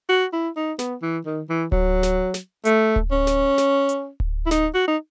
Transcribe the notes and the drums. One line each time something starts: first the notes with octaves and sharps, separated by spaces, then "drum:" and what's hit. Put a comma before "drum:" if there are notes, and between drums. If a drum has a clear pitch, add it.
F#4
E4
D#4
B3, drum: snare
E3
D#3
E3
F#3, drum: kick D1
drum: snare
drum: snare
A3, drum: hi-hat
drum: kick D1
C#4
drum: snare
drum: snare
drum: hi-hat
drum: kick D1
E4
D#4, drum: snare
F#4
D#4